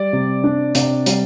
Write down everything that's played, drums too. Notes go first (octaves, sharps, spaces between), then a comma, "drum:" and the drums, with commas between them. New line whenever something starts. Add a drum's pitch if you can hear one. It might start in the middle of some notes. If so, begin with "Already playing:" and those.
Already playing: G3 D5
C3
D4
C3, drum: hi-hat
G3, drum: hi-hat